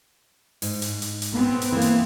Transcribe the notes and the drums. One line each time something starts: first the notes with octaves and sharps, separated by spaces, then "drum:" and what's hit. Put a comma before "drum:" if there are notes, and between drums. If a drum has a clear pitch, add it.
G#2, drum: open hi-hat
drum: hi-hat
drum: hi-hat
drum: hi-hat
B3 C4
drum: hi-hat
E3 A#3
drum: hi-hat